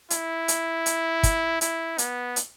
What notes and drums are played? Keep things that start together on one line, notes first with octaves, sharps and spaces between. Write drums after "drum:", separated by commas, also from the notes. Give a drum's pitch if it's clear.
E4, drum: hi-hat
drum: hi-hat
drum: hi-hat
drum: kick, hi-hat
E4, drum: hi-hat
B3, drum: hi-hat
drum: hi-hat